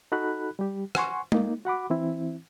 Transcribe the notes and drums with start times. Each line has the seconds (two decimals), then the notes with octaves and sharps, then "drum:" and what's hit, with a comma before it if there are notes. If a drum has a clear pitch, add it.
0.12 D#4 F#4 A4 B5 F#6
0.59 G3 G4
0.95 F#5 G#5 C6 C#6, drum: rim click
1.32 A#3 D#4, drum: tom G#3
1.65 F#4 F#5 B5 D6
1.90 E3 C4 E4